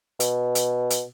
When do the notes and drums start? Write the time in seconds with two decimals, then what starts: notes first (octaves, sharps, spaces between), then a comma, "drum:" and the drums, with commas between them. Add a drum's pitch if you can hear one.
0.20 B2, drum: hi-hat
0.55 drum: hi-hat
0.90 drum: hi-hat